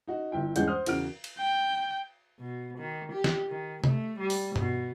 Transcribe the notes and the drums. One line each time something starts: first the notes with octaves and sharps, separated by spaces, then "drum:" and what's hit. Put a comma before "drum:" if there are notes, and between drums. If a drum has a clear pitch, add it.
D#4 F#4
G1 E4 G5
E2 G2 G#3 C#4 F#5 G6, drum: hi-hat
C5 F#5 D#6 F6
E2 C#3 F#4 A#4 F6 D7, drum: cymbal
drum: cymbal
G5
B2
D#3
G4
drum: snare
D#3
A3, drum: tom C3
G3
drum: open hi-hat
B2, drum: tom G2